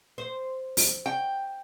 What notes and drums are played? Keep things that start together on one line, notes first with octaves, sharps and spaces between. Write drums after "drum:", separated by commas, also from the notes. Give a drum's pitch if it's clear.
C5
drum: open hi-hat
G5